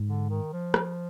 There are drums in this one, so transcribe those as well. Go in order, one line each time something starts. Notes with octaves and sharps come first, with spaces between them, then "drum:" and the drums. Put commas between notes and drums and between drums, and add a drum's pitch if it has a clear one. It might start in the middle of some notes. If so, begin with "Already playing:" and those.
Already playing: G#2
D3
D#3
F3
drum: rim click